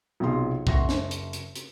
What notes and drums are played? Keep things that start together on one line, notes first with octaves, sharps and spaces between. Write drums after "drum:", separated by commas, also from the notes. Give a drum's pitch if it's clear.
B1 C3 F4 G#4 C6
F#1 E5 F#5 C6 C#6 A#6, drum: kick
drum: snare
drum: hi-hat
drum: hi-hat
drum: hi-hat